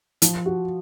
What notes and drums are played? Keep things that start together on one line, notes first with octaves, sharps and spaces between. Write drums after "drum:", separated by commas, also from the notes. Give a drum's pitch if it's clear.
F3, drum: hi-hat
F#4